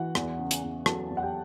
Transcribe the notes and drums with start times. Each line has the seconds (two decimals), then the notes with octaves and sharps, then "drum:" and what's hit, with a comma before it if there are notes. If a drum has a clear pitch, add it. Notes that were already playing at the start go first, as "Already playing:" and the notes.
Already playing: E3 F#4 F#5
0.15 E2, drum: rim click
0.39 C#3
0.51 drum: hi-hat
0.63 E2
0.86 F#3 A4 A5, drum: rim click
1.10 E2
1.17 F#5
1.22 G4 G5